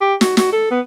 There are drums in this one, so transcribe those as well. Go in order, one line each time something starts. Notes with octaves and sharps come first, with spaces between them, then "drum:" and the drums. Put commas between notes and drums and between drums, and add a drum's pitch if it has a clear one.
G4
F#4, drum: snare
F#4, drum: snare
A4
B3